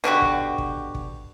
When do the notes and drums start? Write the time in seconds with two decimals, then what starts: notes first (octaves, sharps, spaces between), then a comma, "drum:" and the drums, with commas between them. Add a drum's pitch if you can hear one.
0.04 B2 D3 F#4 G4
0.22 drum: kick
0.58 drum: kick
0.95 drum: kick